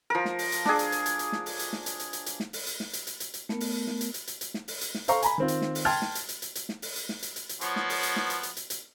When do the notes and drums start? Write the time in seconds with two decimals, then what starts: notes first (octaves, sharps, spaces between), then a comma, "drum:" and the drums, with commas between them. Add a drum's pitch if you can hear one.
0.10 F3 A#4
0.25 drum: snare
0.39 drum: open hi-hat
0.52 drum: hi-hat
0.65 D4 G#4, drum: snare
0.79 drum: hi-hat
0.92 drum: hi-hat
1.06 drum: hi-hat
1.19 drum: hi-hat
1.32 drum: snare
1.46 drum: open hi-hat
1.59 drum: hi-hat
1.73 drum: snare
1.86 drum: hi-hat
2.00 drum: hi-hat
2.13 drum: hi-hat
2.26 drum: hi-hat
2.40 drum: snare
2.53 drum: open hi-hat
2.67 drum: hi-hat
2.80 drum: snare
2.93 drum: hi-hat
3.07 drum: hi-hat
3.20 drum: hi-hat
3.34 drum: hi-hat
3.49 A3 B3 A#4, drum: snare
3.60 drum: open hi-hat
3.87 drum: snare
4.01 drum: hi-hat
4.14 drum: hi-hat
4.27 drum: hi-hat
4.41 drum: hi-hat
4.54 drum: snare
4.68 drum: open hi-hat
4.81 drum: hi-hat
4.95 drum: snare
5.08 A4 C5 F5 A#5 C#6, drum: hi-hat
5.22 G#5 A#5 B5, drum: hi-hat
5.38 D#3 C4 F4
5.48 drum: hi-hat
5.62 drum: snare
5.75 drum: open hi-hat
5.85 G5 A5 C6 F6 G#6 A6
6.02 drum: snare
6.15 drum: hi-hat
6.29 drum: hi-hat
6.42 drum: hi-hat
6.55 drum: hi-hat
6.69 drum: snare
6.82 drum: open hi-hat
6.96 drum: hi-hat
7.09 drum: snare
7.22 drum: hi-hat
7.36 drum: hi-hat
7.49 drum: hi-hat
7.61 F3 B3 C#5, drum: hi-hat
7.76 drum: snare
7.90 drum: open hi-hat
8.03 drum: hi-hat
8.16 drum: snare
8.30 drum: hi-hat
8.43 drum: hi-hat
8.57 drum: hi-hat
8.70 drum: hi-hat